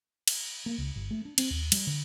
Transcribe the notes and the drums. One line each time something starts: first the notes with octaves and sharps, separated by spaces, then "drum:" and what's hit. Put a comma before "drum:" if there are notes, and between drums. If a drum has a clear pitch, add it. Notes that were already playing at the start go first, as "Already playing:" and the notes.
drum: cymbal
A#3
C#2
G1
A3
D4
C4, drum: cymbal
D#2
G3, drum: cymbal
D3